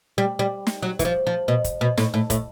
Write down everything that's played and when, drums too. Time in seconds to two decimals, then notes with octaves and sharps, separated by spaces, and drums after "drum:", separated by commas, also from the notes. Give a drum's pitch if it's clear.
0.18 G3
0.39 G3
0.67 drum: snare
0.83 F#3
0.99 E3, drum: kick, hi-hat
1.05 F3
1.27 F3
1.48 B2
1.64 drum: kick, hi-hat
1.81 B2
1.98 A2, drum: snare
2.14 A2
2.30 A2, drum: kick, hi-hat